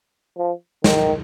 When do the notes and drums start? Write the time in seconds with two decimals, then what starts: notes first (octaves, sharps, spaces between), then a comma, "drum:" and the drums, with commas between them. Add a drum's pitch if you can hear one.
0.38 F3
0.84 D#3, drum: snare